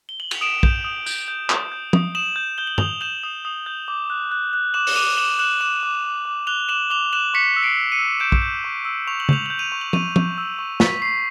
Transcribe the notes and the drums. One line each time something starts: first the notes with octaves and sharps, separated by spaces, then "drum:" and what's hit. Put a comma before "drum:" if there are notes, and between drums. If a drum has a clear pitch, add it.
G7
F#7
F7, drum: cymbal
D#6 D7 E7
G6, drum: kick
D#6
G6, drum: tambourine
G6
D#6, drum: clap
G6
D#6, drum: tom
D#6 E7 F#7
G6
G6 G7
F#7
D#6 F7 G7, drum: tom G2
G6 E7 F#7
D#6
D#6
G6
D6
F#6
F#6
F#6
D6 E7 F#7
E7, drum: open hi-hat
D6 D#7 F7
D6 E7 F#7
F#6 E7 F#7
D6 E7 F#7
D6
D6
D6
F#6 F7 G7
D6 E7 F#7
D6 F7 G7
F#6 E7 F#7
C#6 B6 C#7
E6
C7 D7
E6
C#7 D#7
E6
G6 D7 E7
drum: kick
G6
C#6
E6
C#6 F7
F#7
G6 F7, drum: tom C#3
G6 F#7
D#7 F7
C#6
F#7
C#6 D#7 F7, drum: tom
C#6, drum: tom
E6
C#6
C#6 B6, drum: snare
C#6 C7